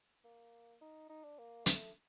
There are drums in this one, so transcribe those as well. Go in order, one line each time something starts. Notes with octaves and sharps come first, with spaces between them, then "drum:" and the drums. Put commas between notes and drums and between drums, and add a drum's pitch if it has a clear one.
A#3
D#4
D#4
D4
A#3
A3, drum: hi-hat